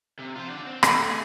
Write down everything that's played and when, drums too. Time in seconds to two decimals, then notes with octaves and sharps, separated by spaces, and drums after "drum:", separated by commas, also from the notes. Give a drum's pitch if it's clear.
0.19 C3
0.36 F4 C5
0.49 D4 F#5
0.67 C4
0.83 A3, drum: rim click
1.09 G#4